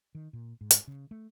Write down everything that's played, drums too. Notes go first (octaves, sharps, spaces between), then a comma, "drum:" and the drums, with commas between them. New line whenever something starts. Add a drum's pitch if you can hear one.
D#3
A#2
G#2
drum: hi-hat
C#3
A3